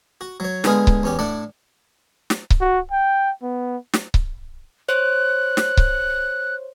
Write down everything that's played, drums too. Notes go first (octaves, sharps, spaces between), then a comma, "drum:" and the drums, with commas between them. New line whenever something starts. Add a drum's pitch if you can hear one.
F#4
F#3 C#5
D3 G#3 B3 G#4 F5, drum: snare
drum: kick C#1
E2 C#4 G4
A2 D4 D5 F#5
drum: snare
drum: kick C#1
F#4
G5
B3
drum: snare
drum: kick C#1
C5 C#5 F#6
drum: snare
drum: kick C#1